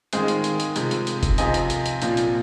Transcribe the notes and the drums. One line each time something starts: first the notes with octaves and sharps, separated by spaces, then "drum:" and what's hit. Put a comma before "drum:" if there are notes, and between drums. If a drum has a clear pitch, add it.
D#3 G#3 C4 F4 G#4 C5, drum: hi-hat
drum: hi-hat
drum: hi-hat
drum: hi-hat
C3 F3 G#3, drum: hi-hat
drum: hi-hat
drum: hi-hat
drum: kick F#1, hi-hat
C3 F3 C4 F4 D#5 G#5, drum: hi-hat
drum: hi-hat
drum: hi-hat
drum: hi-hat
A#2 F3 C4, drum: hi-hat
drum: hi-hat